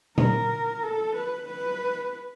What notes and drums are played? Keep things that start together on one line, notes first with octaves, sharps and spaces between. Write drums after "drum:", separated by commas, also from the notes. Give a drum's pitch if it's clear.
A#4, drum: tom A#2
A4
B4
B4